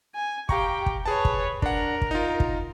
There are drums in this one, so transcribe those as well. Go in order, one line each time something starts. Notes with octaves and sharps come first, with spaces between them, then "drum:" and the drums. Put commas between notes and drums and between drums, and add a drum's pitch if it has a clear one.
G#5
G4 F5 G5 A#5 C#6, drum: kick
drum: kick
G#4 B4 C#5 A5
drum: kick
D4 A#4 F#5, drum: kick
drum: kick
D#4 F4
drum: kick